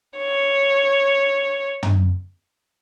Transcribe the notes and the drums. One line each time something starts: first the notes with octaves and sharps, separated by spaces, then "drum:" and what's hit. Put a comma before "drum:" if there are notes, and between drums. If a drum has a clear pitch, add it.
C#5
drum: tom